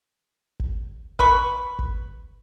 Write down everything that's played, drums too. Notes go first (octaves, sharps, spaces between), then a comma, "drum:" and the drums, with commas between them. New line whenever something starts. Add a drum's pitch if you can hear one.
drum: kick G#1
B4 B5 C#6, drum: kick G#1
drum: kick G#1